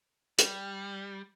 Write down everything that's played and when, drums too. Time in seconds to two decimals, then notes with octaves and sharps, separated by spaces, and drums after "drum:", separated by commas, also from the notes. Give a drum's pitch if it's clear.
0.39 G3, drum: hi-hat